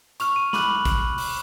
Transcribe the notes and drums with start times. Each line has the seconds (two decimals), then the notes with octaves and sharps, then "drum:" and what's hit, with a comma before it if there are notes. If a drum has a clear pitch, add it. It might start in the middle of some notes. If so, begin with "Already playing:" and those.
0.20 C#6 F6 F7, drum: hi-hat
0.36 D#7
0.53 B5 D6 F#6 F#7, drum: snare
0.85 drum: kick, hi-hat
1.18 drum: open hi-hat